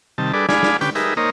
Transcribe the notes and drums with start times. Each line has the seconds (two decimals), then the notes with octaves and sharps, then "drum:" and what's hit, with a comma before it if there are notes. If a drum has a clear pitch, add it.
0.18 C3 D#3 G3 A5
0.33 G3 D4 G#4 A4 B4 D5
0.49 D4 G#4 D5 F5 G#5 B5, drum: snare
0.63 drum: snare
0.81 D3 C#4 G4 B4 G5 D6, drum: hi-hat
0.95 D#4 G4 G#4 A#4 B4 E5, drum: hi-hat
1.17 A#3 D#4 A#4 C5 C#5 D#5